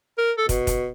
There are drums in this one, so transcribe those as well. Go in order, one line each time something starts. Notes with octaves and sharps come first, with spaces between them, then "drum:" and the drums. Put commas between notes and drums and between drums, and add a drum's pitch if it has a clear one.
A#4
A4
B2, drum: kick, hi-hat
drum: kick, hi-hat